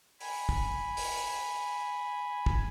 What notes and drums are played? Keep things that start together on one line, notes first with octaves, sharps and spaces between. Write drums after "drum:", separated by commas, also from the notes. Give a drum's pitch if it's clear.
G#5 B5, drum: open hi-hat
drum: kick
drum: open hi-hat
drum: kick